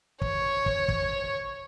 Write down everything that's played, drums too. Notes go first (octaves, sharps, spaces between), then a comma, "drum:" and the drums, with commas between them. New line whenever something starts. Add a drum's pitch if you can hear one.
C#5, drum: kick
drum: kick
drum: kick